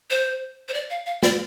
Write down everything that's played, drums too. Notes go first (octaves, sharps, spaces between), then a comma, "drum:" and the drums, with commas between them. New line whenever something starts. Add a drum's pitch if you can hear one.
C5
C5
D5
F5
F5
D5, drum: snare